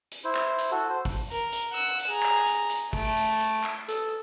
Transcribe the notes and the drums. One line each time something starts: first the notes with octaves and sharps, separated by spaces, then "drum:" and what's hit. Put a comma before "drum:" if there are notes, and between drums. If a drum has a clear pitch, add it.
drum: hi-hat
E4 C5
drum: clap
drum: hi-hat
F#4 A4
C5
drum: kick, open hi-hat
A#4, drum: hi-hat
drum: hi-hat
F#5 E6
drum: hi-hat
G#4 A#5
drum: clap
drum: hi-hat
drum: hi-hat
A3 D7, drum: kick, open hi-hat
drum: hi-hat
drum: hi-hat
drum: clap
A4, drum: hi-hat